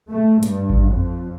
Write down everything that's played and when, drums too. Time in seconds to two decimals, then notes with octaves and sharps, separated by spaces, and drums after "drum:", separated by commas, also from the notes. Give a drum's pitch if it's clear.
0.11 A3
0.43 G2, drum: hi-hat
0.70 drum: kick G#1
0.90 F2